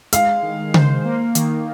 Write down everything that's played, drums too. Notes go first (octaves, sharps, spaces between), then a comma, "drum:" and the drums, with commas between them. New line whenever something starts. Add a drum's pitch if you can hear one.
G#3 F5, drum: hi-hat
D#3
C5, drum: tom C#3
A#3
D#3, drum: hi-hat